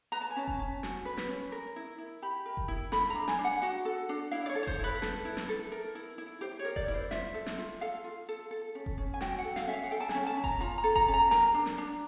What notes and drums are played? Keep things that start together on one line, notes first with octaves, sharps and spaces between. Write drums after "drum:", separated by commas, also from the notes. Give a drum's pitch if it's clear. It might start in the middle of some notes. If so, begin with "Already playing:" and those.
B4 A#5
A5
G#5
C#4 A5
drum: kick F1
C#4
F#4, drum: snare
B4
drum: snare
C#4
A#4
E4
E4
G4 B5
A#4
drum: kick F1
E4
A4 B5, drum: snare
D4 A#5
G#5, drum: snare
D4
F#5
F#4 F#5
A4
D4
E4 F5
D5
C#5
A4
C#5
C5, drum: kick F1
E4 B4
A4, drum: snare
E4
drum: snare
A4
A#4
E4
E4
G4 C5
C#5
A#4
D5, drum: kick F1
E4
C5
F4 E5, drum: snare
A4
drum: snare
F4
A4 F5
F4
A4
A4
C#4
drum: kick F1
C#4
G#5
F#4 G5, drum: snare
F#5
A4
F5, drum: snare
C#4 E5
F5
F#5
A4 G5
A5
G#5, drum: snare
C#4
A5
C#4
A#5, drum: kick F1
F4 A#5
A#5
A4
A#5, drum: kick F1
C#4
A#5
A#4 A#5, drum: snare
D4
drum: snare
D4